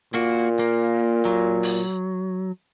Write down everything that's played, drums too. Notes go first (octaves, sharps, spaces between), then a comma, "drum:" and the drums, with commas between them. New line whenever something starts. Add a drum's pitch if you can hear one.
A#2 A#3 F#4
A#3
F#3
drum: open hi-hat